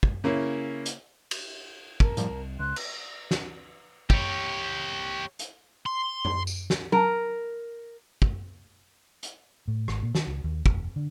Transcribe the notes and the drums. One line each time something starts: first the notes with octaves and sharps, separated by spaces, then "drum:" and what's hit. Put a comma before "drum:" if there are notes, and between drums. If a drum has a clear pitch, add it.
drum: kick
C#3 A#3 C#4 E4
drum: hi-hat
drum: cymbal
A#4 A5, drum: kick
A2 F3 G3, drum: hi-hat
C2
C#2 C6 F#6
drum: cymbal
drum: snare
G4 C#5, drum: kick
drum: hi-hat
C6
drum: tom F#2
drum: tambourine
drum: snare
A#4, drum: tom F#3
drum: kick
drum: hi-hat
A2
G#1, drum: rim click
A#2
D#3, drum: snare
C#2
D#2
E1, drum: kick
D3